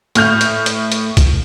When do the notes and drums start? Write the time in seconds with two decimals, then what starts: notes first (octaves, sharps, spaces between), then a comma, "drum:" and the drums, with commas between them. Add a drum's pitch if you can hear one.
0.15 A2 F6 G6 F7, drum: hi-hat
0.41 drum: hi-hat
0.66 drum: hi-hat
0.92 drum: hi-hat
1.17 drum: kick, hi-hat